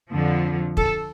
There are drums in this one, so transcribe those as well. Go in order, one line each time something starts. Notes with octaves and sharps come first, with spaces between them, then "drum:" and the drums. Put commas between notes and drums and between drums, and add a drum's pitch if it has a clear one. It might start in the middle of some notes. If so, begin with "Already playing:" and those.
F2 D3 F3
A4, drum: kick